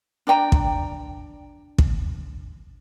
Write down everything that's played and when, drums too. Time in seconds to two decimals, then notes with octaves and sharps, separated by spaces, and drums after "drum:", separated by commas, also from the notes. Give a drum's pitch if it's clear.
0.27 D4 D5 G5 A#5
0.52 drum: kick
1.78 drum: kick